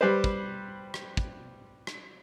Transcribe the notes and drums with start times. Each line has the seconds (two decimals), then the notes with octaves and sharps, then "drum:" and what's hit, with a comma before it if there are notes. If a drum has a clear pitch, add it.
0.01 G3 G4 B4 C5
0.24 drum: kick
0.94 drum: rim click
1.17 drum: kick
1.87 drum: rim click